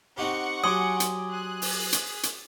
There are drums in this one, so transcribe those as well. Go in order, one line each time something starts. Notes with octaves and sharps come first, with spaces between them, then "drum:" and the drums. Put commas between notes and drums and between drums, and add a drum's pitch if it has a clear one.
C4 D#4 G4 F#5 C#6 C#7
F#3 G4 G#5 C6 D6 D#6
drum: hi-hat
G#4 F#6
drum: open hi-hat
drum: hi-hat
drum: hi-hat